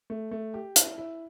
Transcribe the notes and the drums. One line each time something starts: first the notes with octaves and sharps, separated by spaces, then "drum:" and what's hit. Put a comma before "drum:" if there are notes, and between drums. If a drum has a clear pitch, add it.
A3
A3
G4
E4, drum: hi-hat
E4